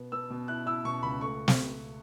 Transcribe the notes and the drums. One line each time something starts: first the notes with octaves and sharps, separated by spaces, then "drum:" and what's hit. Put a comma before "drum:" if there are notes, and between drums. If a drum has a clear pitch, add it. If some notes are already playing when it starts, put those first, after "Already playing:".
Already playing: B2 B3
B3 E6
B2
E4 F#6
E4 E6
B2 C#6
C#2 B5
A3 C#6
drum: snare